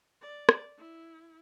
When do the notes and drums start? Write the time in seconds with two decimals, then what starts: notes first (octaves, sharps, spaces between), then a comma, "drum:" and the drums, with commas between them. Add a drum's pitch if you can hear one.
0.21 D5
0.49 drum: rim click
0.78 E4